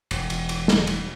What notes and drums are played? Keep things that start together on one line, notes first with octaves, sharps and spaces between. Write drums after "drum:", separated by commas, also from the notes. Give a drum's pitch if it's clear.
E1, drum: cymbal
drum: cymbal
drum: cymbal
drum: snare
drum: cymbal